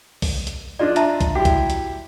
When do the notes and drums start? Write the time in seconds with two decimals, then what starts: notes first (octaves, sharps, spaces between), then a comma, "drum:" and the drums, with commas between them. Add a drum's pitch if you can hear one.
0.22 drum: kick B1, open hi-hat
0.47 drum: hi-hat
0.79 D4 F4 D5 D#5
0.96 E5 A5 A#5, drum: hi-hat
1.21 drum: kick B1, hi-hat
1.35 E4 F#4 G4
1.45 drum: kick B1, hi-hat
1.70 drum: hi-hat